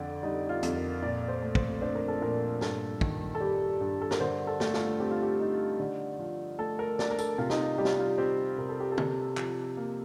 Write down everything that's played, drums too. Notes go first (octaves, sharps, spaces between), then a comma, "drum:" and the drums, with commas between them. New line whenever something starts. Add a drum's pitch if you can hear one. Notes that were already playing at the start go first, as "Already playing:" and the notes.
Already playing: F2 D3 D5
G3 D#4
F4
F2, drum: hi-hat
A#4
A#2 D5
C5
A3
C5, drum: kick
D4 C5
A#4
A4
A#2 A#4
G2 A4, drum: snare
D#3, drum: kick
A4
G3 G4
G2
A4
A#4, drum: snare
D3 C5
A4
A3, drum: snare
F4, drum: snare
C4 G4
F4
G4
D#4
D3
F3
A3 A4
A#4
D4 D5, drum: snare
A#4
A4, drum: tambourine
C3 F4
D#4, drum: snare
F4
G3 G4
F4, drum: snare
D#4
F4
C4 G4
C3 A#4
A4
G4
A4
C3, drum: tom
F3, drum: clap
A#3